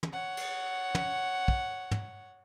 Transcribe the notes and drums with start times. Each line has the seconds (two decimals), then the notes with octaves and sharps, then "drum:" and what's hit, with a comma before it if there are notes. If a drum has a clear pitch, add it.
0.03 drum: tom
0.12 C#5 F#5
0.37 drum: cymbal
0.95 drum: tom
1.48 drum: kick
1.91 drum: tom